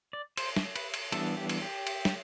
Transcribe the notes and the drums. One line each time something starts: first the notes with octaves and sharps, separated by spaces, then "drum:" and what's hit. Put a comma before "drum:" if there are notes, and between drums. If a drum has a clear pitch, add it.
D5
C5, drum: cymbal
drum: snare
B4, drum: cymbal
drum: cymbal
E3 G3 B3 D4 A4, drum: cymbal
G4
drum: cymbal
G4
drum: cymbal
drum: snare